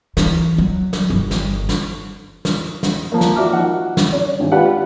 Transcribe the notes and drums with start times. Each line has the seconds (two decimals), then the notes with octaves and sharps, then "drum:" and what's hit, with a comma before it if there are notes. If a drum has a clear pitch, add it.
0.17 E3, drum: snare
0.58 F#3
0.93 drum: snare
1.10 G1
1.31 drum: snare
1.69 drum: snare
2.45 drum: snare
2.83 drum: snare
3.12 F3 A#3
3.21 drum: snare
3.36 F#4 D5 E5 D6 F6
3.53 F3 D#4 F#5
3.97 drum: snare
4.12 C#4 D5
4.39 G#1 G2
4.52 F4 G4 B4 D5 F5 F#5